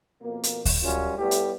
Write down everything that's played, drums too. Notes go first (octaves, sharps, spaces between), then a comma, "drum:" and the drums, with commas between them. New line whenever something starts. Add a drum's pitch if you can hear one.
F2 B2 A#3
drum: hi-hat
drum: kick D2, open hi-hat
F#2 G3 C#4 F4
A2 G3 A3 B3 G4
drum: hi-hat